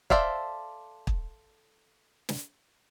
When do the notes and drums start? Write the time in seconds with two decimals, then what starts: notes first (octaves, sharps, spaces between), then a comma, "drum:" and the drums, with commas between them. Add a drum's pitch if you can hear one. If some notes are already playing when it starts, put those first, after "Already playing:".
0.10 A4 C5 D5 E5 F5, drum: kick
1.07 drum: kick
2.29 drum: snare